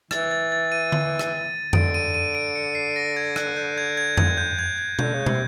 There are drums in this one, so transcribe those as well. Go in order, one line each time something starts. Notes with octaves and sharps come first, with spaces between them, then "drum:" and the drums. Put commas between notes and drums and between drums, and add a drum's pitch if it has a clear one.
E3 A6, drum: rim click
A6
A6
D#7
drum: tom D3
drum: rim click
D3 D7, drum: tom F2
D#7
D#7
D7
C#7
C7
A#6
G#6
F#6, drum: rim click
G6
G#6
G#6
G#6, drum: tom F2
G6
G#6
G#6
D3 G6, drum: tom B2
C#3
C3, drum: tom